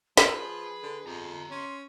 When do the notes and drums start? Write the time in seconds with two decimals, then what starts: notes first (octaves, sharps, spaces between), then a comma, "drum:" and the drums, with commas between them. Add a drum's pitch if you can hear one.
0.17 F3 G#4 B4, drum: snare
0.83 D3
1.07 F2 G4 A#5
1.51 C#4 C6